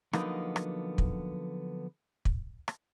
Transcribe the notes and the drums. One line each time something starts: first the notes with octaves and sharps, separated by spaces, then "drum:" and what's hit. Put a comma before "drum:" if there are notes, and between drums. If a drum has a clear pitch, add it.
D3 F3 F#3 A#3 B3 D#4, drum: rim click
drum: rim click
drum: kick
drum: kick
drum: rim click